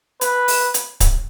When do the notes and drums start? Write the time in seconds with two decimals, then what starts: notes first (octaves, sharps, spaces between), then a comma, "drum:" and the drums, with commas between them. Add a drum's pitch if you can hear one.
0.21 B4, drum: hi-hat
0.48 drum: open hi-hat
0.74 drum: hi-hat
1.00 drum: kick C#1, hi-hat